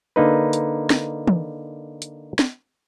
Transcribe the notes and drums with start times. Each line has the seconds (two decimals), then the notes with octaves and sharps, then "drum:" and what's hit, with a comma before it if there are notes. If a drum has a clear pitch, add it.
0.16 D3 A#3 D#4 B4
0.53 drum: hi-hat
0.90 drum: snare
1.27 drum: tom
2.02 drum: hi-hat
2.39 drum: snare